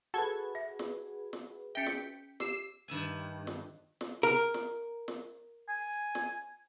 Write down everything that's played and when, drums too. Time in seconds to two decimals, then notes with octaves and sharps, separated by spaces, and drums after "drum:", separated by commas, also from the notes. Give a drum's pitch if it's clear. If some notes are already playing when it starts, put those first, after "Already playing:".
0.14 F#4 G#4 A4 B4 G#6
0.55 E5
0.79 drum: snare
1.33 drum: snare
1.75 C#4 E5 G5 B6 C#7
1.86 drum: snare
2.40 G4 E6 C7, drum: snare
2.88 G2 D#3 E5 G#5
3.47 drum: snare
4.01 drum: snare
4.23 A#4
4.54 drum: snare
5.08 drum: snare
5.68 G#5
6.15 drum: snare